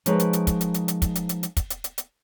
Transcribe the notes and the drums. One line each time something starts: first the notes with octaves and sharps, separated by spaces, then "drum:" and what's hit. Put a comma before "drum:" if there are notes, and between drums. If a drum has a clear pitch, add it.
F3 G#3 D#4 A#4 B4 C#5, drum: hi-hat
drum: hi-hat
drum: hi-hat
drum: kick, hi-hat
drum: hi-hat
drum: hi-hat
drum: hi-hat
drum: kick, hi-hat
drum: hi-hat
drum: hi-hat
drum: hi-hat
drum: kick, hi-hat
drum: hi-hat
drum: hi-hat
drum: hi-hat